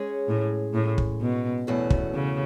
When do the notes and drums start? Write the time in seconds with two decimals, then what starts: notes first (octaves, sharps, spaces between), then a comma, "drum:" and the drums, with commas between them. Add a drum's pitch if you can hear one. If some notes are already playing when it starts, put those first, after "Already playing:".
Already playing: G#3 C#4 G#4 C#5
0.28 A2
0.74 A2
0.98 drum: kick
1.21 B2
1.67 E2 B2 A3 C#4 F#4
1.90 drum: kick
2.14 C#3